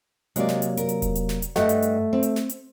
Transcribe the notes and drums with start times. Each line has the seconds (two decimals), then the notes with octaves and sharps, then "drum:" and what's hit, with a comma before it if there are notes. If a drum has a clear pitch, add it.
0.36 C3 F#3 G#3 A#3 D5, drum: hi-hat
0.48 drum: snare
0.62 drum: hi-hat
0.77 A#4, drum: hi-hat
0.89 drum: hi-hat
1.02 drum: kick E1, hi-hat
1.15 drum: hi-hat
1.29 drum: snare
1.42 drum: hi-hat
1.56 G2 A3 D#5 F#5, drum: snare
1.69 drum: hi-hat
1.82 drum: hi-hat
2.13 C4
2.23 drum: hi-hat
2.36 drum: snare
2.49 drum: hi-hat